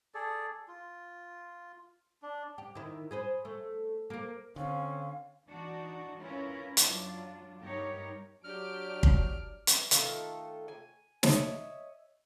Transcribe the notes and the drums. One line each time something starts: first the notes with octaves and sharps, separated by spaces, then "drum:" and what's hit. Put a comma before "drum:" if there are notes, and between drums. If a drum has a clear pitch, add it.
G#4 A4 D5
F4
D4
G4
D#3 E4
G#4 B4 C5
A3
A#3 A#4
D3 C4 C#4 F5
E3 D4 D#4 F#4
C#4 E4 F4 A#4 B4
F#2 F#3 D4 F4, drum: hi-hat
G2 B3 D#4 G4 A#4 C#5
F#3 D4 G4 F6 D7
drum: kick
drum: hi-hat
D#3 A3 F4 A4, drum: hi-hat
G#5
C#5 D#5 E5, drum: snare